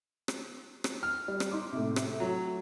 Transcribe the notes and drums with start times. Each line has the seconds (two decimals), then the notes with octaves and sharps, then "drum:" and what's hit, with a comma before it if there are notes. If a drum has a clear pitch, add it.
0.28 drum: rim click
0.84 drum: rim click
1.03 F6
1.28 G3
1.40 drum: rim click
1.51 D#4 C6 D6
1.72 A2 C3
1.96 drum: rim click
2.20 F#3